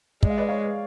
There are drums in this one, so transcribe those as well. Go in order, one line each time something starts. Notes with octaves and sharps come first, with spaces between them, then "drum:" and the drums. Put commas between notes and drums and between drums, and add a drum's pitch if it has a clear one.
G#3 D5, drum: kick
F5
B4 D5
C#5 F5
B4